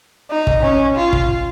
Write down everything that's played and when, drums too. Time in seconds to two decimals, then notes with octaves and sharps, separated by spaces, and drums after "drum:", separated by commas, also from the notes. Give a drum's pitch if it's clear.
0.30 D#4
0.47 drum: kick
0.63 C#4
0.97 F4
1.13 drum: kick